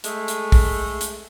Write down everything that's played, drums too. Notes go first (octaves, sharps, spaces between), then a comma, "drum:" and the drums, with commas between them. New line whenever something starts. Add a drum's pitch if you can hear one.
G#3 A3, drum: hi-hat
drum: hi-hat
drum: kick, open hi-hat
drum: hi-hat